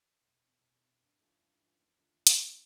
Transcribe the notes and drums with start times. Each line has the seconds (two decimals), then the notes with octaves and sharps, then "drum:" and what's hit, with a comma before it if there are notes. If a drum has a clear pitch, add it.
0.22 E1
0.41 E2 C3
0.61 E1
0.80 E2 C3
1.00 G2
1.19 E3 A3 C#4 F4
1.39 G2
1.59 E3 A3 C#4 F4
1.78 D#2
1.97 D3 F3 A3 D4
2.17 D#2
2.27 drum: hi-hat
2.36 D3 F3 A3 D4